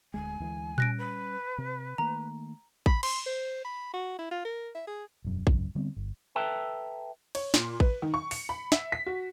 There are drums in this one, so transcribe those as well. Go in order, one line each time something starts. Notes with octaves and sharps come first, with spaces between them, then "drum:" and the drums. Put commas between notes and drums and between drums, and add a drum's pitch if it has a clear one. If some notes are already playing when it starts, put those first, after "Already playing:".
D1 D2 G#3 G#5
D2 E3 G#3
G3 C#4 F#6 A#6 D7, drum: tom A#2
B4
C3
D#3 A3 A#3 A#5
B5, drum: kick A1
C6, drum: cymbal
C5
B5
F#4
E4
F4
A#4
E5
G#4
E1 F#2
G#1 C#2 F#2, drum: kick A1
D3 G3 B3 C4
G1
A4 B4 E5 G5 A5 A#5
C#5, drum: cymbal
A#2, drum: snare
B4, drum: kick A1
D#3
C#6
C#7, drum: open hi-hat
B5
E5, drum: snare
B6
F#4